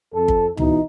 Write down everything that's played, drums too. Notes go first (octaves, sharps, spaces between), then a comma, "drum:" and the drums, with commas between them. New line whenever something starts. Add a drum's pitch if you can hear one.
F2 A4
drum: kick
B2 E3 D#4, drum: tom C#2